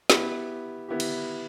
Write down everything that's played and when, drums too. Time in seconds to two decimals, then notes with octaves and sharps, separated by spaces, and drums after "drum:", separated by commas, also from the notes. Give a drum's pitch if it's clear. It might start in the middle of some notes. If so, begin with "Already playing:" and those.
0.10 B3 E4 G4, drum: snare
0.88 B3 E4 G4
1.00 drum: cymbal